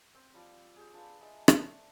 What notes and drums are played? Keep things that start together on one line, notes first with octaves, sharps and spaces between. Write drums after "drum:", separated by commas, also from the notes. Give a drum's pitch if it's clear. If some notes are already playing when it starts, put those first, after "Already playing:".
C4
F3 G3
G4 G#4
D4 F4 B4
G#3 E5
A3 C4 D4, drum: rim click